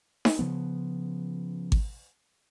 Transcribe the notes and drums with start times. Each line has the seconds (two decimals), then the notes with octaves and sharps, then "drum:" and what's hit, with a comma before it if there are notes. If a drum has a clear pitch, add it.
0.25 drum: snare D#4
0.39 C#3 F3 B3
1.72 drum: kick G#1